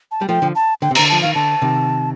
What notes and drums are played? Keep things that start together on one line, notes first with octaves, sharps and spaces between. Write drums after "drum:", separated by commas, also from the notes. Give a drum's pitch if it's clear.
A5
G3
F3 A3 G5
D3 F3
A5
D3 G5
C3
D3 A#5, drum: cymbal
F3 A5
D#3 F5
D3 A5
C3 D#3